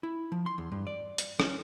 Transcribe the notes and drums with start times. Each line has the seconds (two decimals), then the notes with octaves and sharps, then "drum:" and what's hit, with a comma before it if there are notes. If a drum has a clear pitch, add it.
0.03 E4
0.32 F3
0.46 C6
0.58 E2
0.72 G2
0.87 D5
1.18 drum: hi-hat
1.40 C#4, drum: rim click